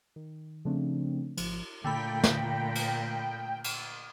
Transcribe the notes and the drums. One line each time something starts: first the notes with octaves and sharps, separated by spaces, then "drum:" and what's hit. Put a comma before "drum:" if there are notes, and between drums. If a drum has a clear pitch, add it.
D#3
C#3 F3 A3 C4 D4
G#1 F3, drum: cymbal
A#2 D3 A3 G5 B5
drum: snare
drum: cymbal
drum: cymbal